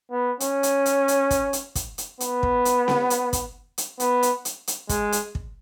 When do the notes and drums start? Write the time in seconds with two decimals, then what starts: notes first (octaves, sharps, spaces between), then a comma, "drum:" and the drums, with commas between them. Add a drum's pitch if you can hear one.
0.11 B3
0.40 C#4, drum: hi-hat
0.63 drum: hi-hat
0.86 drum: hi-hat
1.08 drum: hi-hat
1.31 drum: kick, hi-hat
1.53 drum: hi-hat
1.75 drum: kick, hi-hat
1.98 drum: hi-hat
2.20 B3, drum: hi-hat
2.43 drum: kick
2.65 drum: hi-hat
2.88 drum: snare C4
3.10 drum: hi-hat
3.33 drum: kick, hi-hat
3.78 drum: hi-hat
4.00 B3, drum: hi-hat
4.23 drum: hi-hat
4.45 drum: hi-hat
4.67 drum: hi-hat
4.89 G#3, drum: kick, hi-hat
5.12 drum: hi-hat
5.35 drum: kick